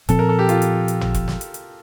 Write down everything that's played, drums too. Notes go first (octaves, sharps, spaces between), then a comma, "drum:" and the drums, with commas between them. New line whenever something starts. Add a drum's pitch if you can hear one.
A#2 F3 C4 A4, drum: kick E1, hi-hat
A#4
A4
G4
F4, drum: hi-hat
drum: hi-hat
drum: hi-hat
drum: tom
drum: kick E1, hi-hat
drum: snare
drum: hi-hat
drum: hi-hat